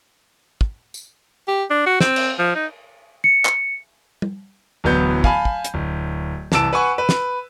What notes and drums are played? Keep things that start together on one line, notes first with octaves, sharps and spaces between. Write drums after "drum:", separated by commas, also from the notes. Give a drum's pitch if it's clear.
drum: kick
drum: tambourine
G4
D4
F#4
C4, drum: snare
drum: cymbal
F3
D#4
C#7
drum: clap
drum: tom
D1 E3 F#3 B3 G6
F5 G#5 A5 B5, drum: kick
drum: kick
drum: hi-hat
D1
C2 E3 A5 E6 D7 E7, drum: snare
B4 F#5 G#5 C#6
B4
drum: snare